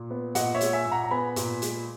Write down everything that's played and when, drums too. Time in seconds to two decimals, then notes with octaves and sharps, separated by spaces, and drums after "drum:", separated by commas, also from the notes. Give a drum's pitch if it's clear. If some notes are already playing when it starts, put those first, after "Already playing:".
Already playing: A#2
0.10 B3
0.35 A#2 D#5 F#5, drum: hi-hat
0.54 C#5 E5
0.61 G#3, drum: hi-hat
0.73 E5 G#5
0.86 A#2
0.91 F#5 A#5
1.04 A#5
1.11 B3 G#5 B5
1.36 A#2, drum: hi-hat
1.62 G#3, drum: hi-hat